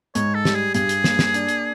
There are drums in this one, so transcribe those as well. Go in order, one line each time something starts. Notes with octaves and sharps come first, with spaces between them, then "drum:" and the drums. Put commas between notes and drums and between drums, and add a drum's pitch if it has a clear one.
G#2 C#5, drum: hi-hat
A4
G3, drum: snare
G#4
G2 G#4, drum: hi-hat
drum: hi-hat
A#3, drum: snare
drum: snare
D4, drum: hi-hat
drum: hi-hat